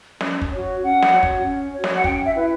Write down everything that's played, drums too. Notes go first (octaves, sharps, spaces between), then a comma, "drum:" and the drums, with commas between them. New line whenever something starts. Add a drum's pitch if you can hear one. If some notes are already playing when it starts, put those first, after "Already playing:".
C#4, drum: snare
drum: kick
F#4 C#5
C#4 F#5
drum: snare
F#4 C#5
drum: kick
C#4
F#4 C#5
drum: snare
F#5
C#4 G5, drum: kick
E5
E4 B4